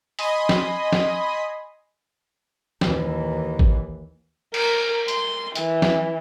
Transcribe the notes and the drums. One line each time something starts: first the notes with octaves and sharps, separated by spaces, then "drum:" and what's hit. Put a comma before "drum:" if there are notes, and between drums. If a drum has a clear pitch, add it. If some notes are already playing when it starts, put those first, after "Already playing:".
D#5 G#5 B5 C6 D#6, drum: hi-hat
drum: snare
drum: snare
D#2 E3, drum: snare
drum: kick
A#4, drum: cymbal
C6, drum: hi-hat
E3, drum: hi-hat
drum: snare